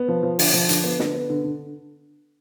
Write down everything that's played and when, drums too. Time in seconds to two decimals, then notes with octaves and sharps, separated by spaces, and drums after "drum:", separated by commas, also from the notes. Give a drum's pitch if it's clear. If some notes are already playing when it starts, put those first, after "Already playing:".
Already playing: B3
0.08 F3
0.23 F3
0.39 D3, drum: open hi-hat
0.53 F3
0.69 D3, drum: hi-hat
0.84 B3
1.00 D3, drum: snare
1.14 B3
1.30 D3
1.44 D3